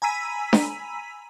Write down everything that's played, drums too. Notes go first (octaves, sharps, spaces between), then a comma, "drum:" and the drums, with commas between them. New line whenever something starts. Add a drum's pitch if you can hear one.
G#5 A#5 B5 E6 B6 D#7
drum: snare D4